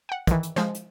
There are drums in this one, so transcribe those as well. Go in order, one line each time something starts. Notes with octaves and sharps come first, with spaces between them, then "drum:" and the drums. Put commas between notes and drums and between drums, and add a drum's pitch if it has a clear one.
F#5 G5
D#3 E3, drum: kick, hi-hat
drum: hi-hat
F3 G#3 C5, drum: snare
drum: hi-hat